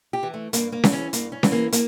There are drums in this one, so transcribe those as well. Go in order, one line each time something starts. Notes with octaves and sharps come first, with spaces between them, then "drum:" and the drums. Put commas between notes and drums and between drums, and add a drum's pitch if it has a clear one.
G4
E3
A3
G2 A#3, drum: hi-hat
A#3
E3, drum: snare C#4
C#4
G2 A#3, drum: hi-hat
C#4
E3, drum: snare C#4
A#3
A#3, drum: hi-hat